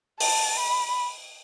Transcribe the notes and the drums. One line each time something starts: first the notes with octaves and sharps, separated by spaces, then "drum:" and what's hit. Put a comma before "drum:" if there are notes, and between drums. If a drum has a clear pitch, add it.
A5, drum: open hi-hat
B5